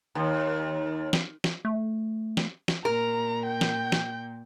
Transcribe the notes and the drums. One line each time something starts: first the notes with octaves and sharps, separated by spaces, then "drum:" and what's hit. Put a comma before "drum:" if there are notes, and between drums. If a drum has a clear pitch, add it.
D#2
drum: snare
drum: snare
A3
drum: snare
drum: snare
A#2 A#4 A#5
G5 G6
drum: snare
drum: snare